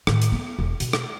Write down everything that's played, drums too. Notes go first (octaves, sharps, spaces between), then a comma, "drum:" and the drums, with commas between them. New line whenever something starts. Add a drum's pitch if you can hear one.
A2 D#3, drum: rim click
drum: hi-hat
B3
E1
B2, drum: hi-hat
drum: rim click